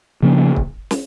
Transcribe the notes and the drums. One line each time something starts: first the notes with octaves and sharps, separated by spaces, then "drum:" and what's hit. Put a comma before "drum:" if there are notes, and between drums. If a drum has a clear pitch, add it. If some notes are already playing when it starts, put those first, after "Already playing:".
C#3 F3 A#3 C#4
drum: kick C#1
drum: snare